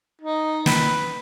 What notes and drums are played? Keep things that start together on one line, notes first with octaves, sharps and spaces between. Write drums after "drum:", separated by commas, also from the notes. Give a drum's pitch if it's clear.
D#4
B4, drum: snare